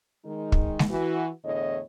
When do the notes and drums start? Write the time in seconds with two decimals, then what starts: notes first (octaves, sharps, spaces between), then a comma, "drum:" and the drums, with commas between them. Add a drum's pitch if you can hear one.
0.25 D#3 G#3 D#4
0.52 drum: kick
0.79 drum: snare G#3
0.90 E3 F#4
1.44 E2 A2 D3 C#5 D#5